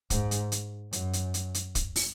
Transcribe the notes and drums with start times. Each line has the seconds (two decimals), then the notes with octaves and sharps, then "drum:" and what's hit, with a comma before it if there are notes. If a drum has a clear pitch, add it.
0.10 G#2, drum: kick, hi-hat
0.31 drum: hi-hat
0.52 drum: hi-hat
0.93 F#2, drum: hi-hat
1.13 drum: hi-hat
1.34 drum: hi-hat
1.54 drum: hi-hat
1.75 drum: kick, hi-hat
1.96 drum: open hi-hat